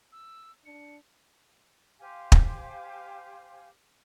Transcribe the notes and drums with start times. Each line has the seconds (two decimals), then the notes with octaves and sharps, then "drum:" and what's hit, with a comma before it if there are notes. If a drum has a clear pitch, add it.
0.12 E6
0.65 D4 C#7
1.99 G4 C5 F5 G#5
2.32 drum: kick